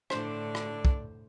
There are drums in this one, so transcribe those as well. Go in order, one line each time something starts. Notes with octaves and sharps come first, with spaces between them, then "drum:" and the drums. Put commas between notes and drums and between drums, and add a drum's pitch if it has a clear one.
A2 D3 D4 C5, drum: rim click
drum: rim click
drum: kick